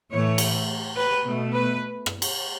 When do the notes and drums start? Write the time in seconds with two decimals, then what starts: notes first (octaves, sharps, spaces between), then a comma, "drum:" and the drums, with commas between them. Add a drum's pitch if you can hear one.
0.11 A2 E3 A3 C#5
0.38 drum: cymbal
0.96 B4
1.24 B2 A3
1.53 B4
2.06 drum: rim click
2.22 drum: cymbal